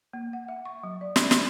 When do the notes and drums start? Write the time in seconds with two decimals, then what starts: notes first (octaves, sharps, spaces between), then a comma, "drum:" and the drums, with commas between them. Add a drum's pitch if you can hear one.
0.13 A#3
0.33 F#5
0.48 E5
0.65 C#6
0.83 F#3
1.01 D5
1.16 D4, drum: snare
1.31 drum: snare